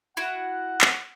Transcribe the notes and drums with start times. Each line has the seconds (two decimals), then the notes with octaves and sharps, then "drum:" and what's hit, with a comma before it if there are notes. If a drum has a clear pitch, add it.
0.17 E4 F#4 F#5
0.81 drum: clap